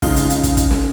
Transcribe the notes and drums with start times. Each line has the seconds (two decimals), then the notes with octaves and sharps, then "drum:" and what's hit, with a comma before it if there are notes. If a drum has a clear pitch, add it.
0.02 F2 C#3 E3 G#3 D#4 F4, drum: kick, open hi-hat
0.16 drum: hi-hat
0.30 drum: hi-hat
0.43 drum: kick, hi-hat
0.57 drum: kick, hi-hat
0.71 drum: snare